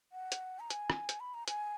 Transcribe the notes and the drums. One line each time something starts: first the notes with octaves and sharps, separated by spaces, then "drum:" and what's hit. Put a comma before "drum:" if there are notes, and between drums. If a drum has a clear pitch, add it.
F#5
drum: hi-hat
A#5
G#5, drum: hi-hat
drum: rim click
drum: hi-hat
B5
A#5
G#5, drum: hi-hat